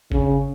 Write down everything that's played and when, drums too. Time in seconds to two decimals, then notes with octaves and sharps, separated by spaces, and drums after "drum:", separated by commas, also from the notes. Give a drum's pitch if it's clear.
0.12 C#3, drum: kick G1